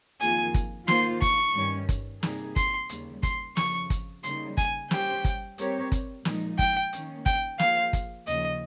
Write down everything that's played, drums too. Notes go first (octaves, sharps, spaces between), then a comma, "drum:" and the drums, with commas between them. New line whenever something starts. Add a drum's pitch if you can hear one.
F2 D#3 A#3 F4 G#4 G#5, drum: hi-hat
drum: kick, hi-hat
D#3 A#3 F4 C5 C6, drum: snare
C#6, drum: kick, hi-hat
G2 D#3 G3 C#4
drum: kick, hi-hat
C3 G3 A#3 D#4 G#4, drum: snare
C6, drum: kick, hi-hat
D#2 C#3 G3, drum: hi-hat
C6, drum: kick, hi-hat
F2 C#3 F3 C#6, drum: snare
drum: kick, hi-hat
C#3 G3 A#3 D#4 C6, drum: hi-hat
G#5, drum: kick, hi-hat
G3 C#4 G4 C5 G5, drum: snare
drum: kick, hi-hat
G3 C4 G4 A#4 C#5, drum: hi-hat
drum: kick, hi-hat
A#2 F3 G#3 D#4, drum: snare
G5, drum: kick, hi-hat
D#3 A#3 C#4, drum: hi-hat
G5, drum: kick, hi-hat
F3 A#3 F4 G#4 C5 F5, drum: snare
drum: kick, hi-hat
D#2 C#3 F3 D#5, drum: hi-hat